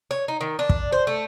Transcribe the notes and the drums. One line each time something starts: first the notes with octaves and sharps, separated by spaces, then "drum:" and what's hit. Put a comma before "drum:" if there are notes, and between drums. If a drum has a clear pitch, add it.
C#5
D#4
D#3
D4
drum: kick
C5
A3